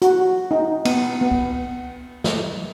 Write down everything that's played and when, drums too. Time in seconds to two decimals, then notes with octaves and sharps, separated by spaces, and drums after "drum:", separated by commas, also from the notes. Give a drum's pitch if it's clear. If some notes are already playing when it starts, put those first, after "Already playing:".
0.02 F#4, drum: hi-hat
0.51 D#4
0.85 B3, drum: cymbal
1.21 B3
1.31 drum: kick C#2
2.24 drum: snare